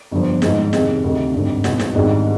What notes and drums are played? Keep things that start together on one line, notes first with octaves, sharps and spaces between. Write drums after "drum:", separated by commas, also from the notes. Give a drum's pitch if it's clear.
G1 G2 D3 F3
G#2 D#3 G#3, drum: snare
F2 C3 D#3 G#3, drum: snare
D2 C3 D#3
G#1 G2 D3
B1 B2 B3, drum: snare
drum: snare
G#1 G#2 D#3 G3 D4